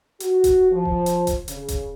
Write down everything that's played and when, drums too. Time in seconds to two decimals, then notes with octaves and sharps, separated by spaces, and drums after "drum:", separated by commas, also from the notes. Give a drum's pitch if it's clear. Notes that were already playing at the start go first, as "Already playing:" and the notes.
0.20 F#4, drum: hi-hat
0.44 drum: kick E1, hi-hat
0.72 F3
0.85 drum: kick E1
1.06 drum: hi-hat
1.27 drum: kick E1, hi-hat
1.48 C#3, drum: hi-hat
1.68 drum: kick E1, hi-hat